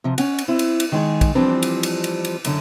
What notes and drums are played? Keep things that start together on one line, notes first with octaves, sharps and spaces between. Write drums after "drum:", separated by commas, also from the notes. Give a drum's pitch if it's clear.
C3 F3
C#4 F#5, drum: cymbal
drum: cymbal
C4 E4
drum: cymbal
drum: cymbal
D#3 G#3 G#4
drum: kick, cymbal
E3 F3 G3 C4 D4
drum: cymbal
drum: cymbal
drum: cymbal
drum: cymbal
F#2 D3, drum: cymbal